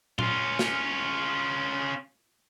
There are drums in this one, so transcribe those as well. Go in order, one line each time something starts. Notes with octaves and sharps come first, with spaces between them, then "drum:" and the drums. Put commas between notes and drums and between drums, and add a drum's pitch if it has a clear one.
C#4 F4, drum: tom A#2
drum: snare